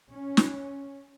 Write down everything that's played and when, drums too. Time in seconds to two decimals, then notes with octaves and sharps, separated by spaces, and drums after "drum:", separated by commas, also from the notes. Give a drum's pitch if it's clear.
0.11 C#4
0.37 drum: snare